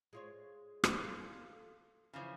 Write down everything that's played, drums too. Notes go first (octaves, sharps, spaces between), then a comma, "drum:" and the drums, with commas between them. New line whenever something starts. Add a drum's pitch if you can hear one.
G#3 F4 C#5
drum: rim click
F4 A4
F#2 C#3 E3 F3 C#5